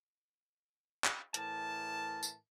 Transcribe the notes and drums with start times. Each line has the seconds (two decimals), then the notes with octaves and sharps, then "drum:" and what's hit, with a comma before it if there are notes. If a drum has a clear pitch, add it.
1.04 drum: clap
1.34 A2 E3 A#4 A5, drum: hi-hat
2.23 drum: tambourine